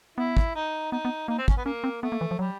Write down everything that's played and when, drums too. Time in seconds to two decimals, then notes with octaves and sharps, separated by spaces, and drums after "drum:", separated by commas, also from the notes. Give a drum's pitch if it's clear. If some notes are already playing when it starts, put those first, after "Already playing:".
0.18 B3 E4
0.37 drum: kick
0.55 D#4
0.92 B3 D#4
1.05 B3
1.28 A#3 D#4
1.38 C4
1.48 C#4, drum: kick
1.57 B3
1.65 A#3 C#4
1.84 C4
2.02 A3 B3
2.12 A#3
2.21 E3
2.31 F3
2.39 F#3 G3